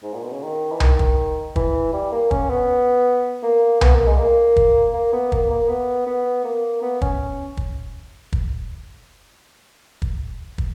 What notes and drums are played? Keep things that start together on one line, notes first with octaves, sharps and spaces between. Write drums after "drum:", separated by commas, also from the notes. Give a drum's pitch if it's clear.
G#2
A#2
B2
C#3
D#3
E3
D#3, drum: tom C2
drum: kick
E3, drum: kick
G3
A#3
C#4, drum: kick
B3
A#3
B3, drum: tom C2
A#3
G#3
A#3
drum: kick
A#3
B3
A#3, drum: kick
A#3
B3
B3
A#3
B3
C#4, drum: kick
drum: kick
drum: kick
drum: kick
drum: kick